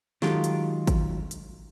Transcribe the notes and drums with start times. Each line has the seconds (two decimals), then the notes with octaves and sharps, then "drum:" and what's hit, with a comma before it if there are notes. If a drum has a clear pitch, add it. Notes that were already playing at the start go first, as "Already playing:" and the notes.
0.22 D#3 F#3 G#3 F4 G4 A4, drum: snare
0.44 drum: hi-hat
0.87 drum: kick, hi-hat
1.31 drum: hi-hat